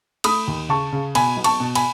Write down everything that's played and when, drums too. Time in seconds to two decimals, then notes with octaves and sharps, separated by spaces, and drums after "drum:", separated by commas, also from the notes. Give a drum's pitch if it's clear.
0.24 A3 B5 D#6, drum: cymbal
0.47 D#2
0.69 C#3 A5 C#6
0.92 C#3
1.15 B2 G#5 B5, drum: cymbal
1.37 B1
1.44 A5 C#6, drum: cymbal
1.60 B2
1.75 G#5 B5, drum: cymbal